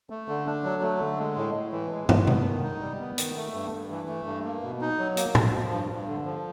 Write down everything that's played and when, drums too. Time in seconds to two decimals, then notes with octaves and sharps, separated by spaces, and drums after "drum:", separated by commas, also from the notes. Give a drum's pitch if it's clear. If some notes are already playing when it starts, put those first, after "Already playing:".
0.10 A3
0.28 D3
0.46 D4
0.64 F#3
0.82 A3
1.01 D3
1.19 G#3
1.37 A2
1.54 A2
1.72 E3
1.91 G#3
2.09 A2, drum: tom
2.27 B3, drum: tom
2.46 D#3
2.63 D#4
2.81 G3
3.00 B3
3.18 D#3, drum: hi-hat
3.36 A3
3.54 G2
3.72 G2
3.90 E3
4.08 A3
4.26 G2
4.45 A#3
4.63 B2
4.81 D#4
4.99 F#3
5.17 A#3, drum: hi-hat
5.35 B2, drum: tom
5.53 F3
5.71 G2
5.90 G2
6.08 D3
6.26 F3